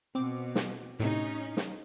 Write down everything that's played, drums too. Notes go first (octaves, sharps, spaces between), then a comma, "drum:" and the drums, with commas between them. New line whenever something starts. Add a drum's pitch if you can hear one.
B2 C4 D6
drum: snare
A2 C3 C#4 D#4
drum: snare